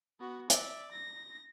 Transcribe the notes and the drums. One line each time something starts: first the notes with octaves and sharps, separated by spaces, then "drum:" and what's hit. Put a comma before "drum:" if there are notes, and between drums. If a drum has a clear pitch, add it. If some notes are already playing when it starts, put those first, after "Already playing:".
B3 F#4
D5 E5, drum: hi-hat
A#6